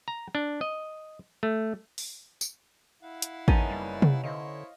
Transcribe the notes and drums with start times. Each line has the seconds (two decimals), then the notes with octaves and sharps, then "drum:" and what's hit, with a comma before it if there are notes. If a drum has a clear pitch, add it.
0.08 A#5
0.35 D4
0.61 D#5
1.43 A3
1.98 drum: open hi-hat
2.41 drum: tambourine
3.02 E4 F5 F#5
3.22 drum: hi-hat
3.48 F#1 B3 C#4 D#4 A5 A6, drum: kick A1
3.70 G3
4.02 drum: tom C3
4.24 D3 E4 C5 C#5 D#5 F5